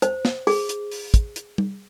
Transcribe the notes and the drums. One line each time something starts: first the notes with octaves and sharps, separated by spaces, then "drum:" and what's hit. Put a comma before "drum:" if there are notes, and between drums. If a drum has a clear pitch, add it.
C5, drum: hi-hat
drum: snare
G#4, drum: open hi-hat
drum: hi-hat
drum: open hi-hat
drum: kick, hi-hat
drum: hi-hat
drum: tom G3